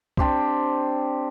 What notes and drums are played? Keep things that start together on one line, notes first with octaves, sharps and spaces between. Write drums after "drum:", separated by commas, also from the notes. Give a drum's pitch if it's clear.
C4 D4 G4 C5, drum: kick